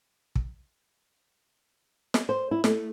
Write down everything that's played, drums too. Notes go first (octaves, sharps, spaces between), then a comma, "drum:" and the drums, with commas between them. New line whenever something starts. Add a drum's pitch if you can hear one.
drum: kick
drum: snare
C5
E4
A3, drum: snare